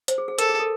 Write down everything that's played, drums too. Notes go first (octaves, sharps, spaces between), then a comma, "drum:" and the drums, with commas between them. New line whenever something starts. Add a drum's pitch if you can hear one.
C5, drum: hi-hat
G#4
G#4
A4 A#4, drum: hi-hat
G#4
A4